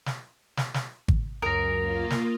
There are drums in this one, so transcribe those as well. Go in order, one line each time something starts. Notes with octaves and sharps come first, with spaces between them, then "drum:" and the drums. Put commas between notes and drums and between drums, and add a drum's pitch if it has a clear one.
drum: snare
drum: snare
drum: snare
drum: kick G#1
C#2 F#2 A#4 D#6 A#6
A#3 F4
drum: snare